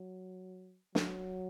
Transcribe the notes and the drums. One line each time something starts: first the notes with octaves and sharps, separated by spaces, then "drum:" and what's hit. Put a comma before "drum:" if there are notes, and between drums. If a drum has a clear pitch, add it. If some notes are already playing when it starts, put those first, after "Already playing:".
Already playing: F#3
F#3, drum: snare